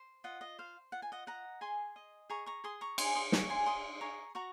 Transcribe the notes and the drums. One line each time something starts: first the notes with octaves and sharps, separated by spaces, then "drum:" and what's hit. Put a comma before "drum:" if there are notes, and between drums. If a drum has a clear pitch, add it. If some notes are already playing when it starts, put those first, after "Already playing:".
Already playing: C5
F4 D#5 F#5
D#5
C5 F5
F4 F#5
G#5
D#5 F#5
D#5 F#5 A#5
G#4 G#5 C6
D#5
G#4 A#5 C#6
A#5 C#6
G#4 C6 D#6
A#5 C#6
D#5 G#5 C6, drum: cymbal
C6 D#6
G#4 A#5 C#6, drum: snare
G#5 C6
D#5 C6 D#6
G#4 A#5 C#6
F#4 A#5 C#6